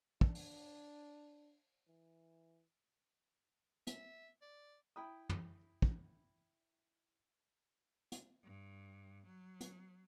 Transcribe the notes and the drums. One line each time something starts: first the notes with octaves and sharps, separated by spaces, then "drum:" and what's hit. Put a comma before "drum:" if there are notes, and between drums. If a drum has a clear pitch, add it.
D4, drum: kick
drum: open hi-hat
E3
E5, drum: hi-hat
D5
E4 G5 B5 D#6
drum: tom
drum: kick
drum: hi-hat
G2
F#3
drum: hi-hat